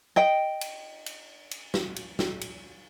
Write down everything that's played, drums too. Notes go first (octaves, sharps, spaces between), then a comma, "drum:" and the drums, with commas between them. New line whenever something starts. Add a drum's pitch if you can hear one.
D#5 G5
drum: cymbal
drum: cymbal
drum: cymbal
drum: snare
drum: cymbal
drum: snare
drum: cymbal